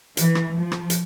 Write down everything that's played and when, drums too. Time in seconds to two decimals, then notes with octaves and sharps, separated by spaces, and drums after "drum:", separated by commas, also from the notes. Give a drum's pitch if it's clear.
0.17 E3, drum: hi-hat
0.35 drum: rim click
0.59 F3
0.72 drum: rim click
0.90 drum: hi-hat